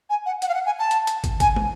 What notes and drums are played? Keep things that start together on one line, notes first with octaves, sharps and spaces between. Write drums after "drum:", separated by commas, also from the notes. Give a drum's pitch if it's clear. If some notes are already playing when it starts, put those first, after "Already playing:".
G#5
F#5
F#5, drum: hi-hat
F5
F#5
G#5
A5
drum: hi-hat
drum: hi-hat
drum: kick, hi-hat
G#5, drum: kick, hi-hat
drum: tom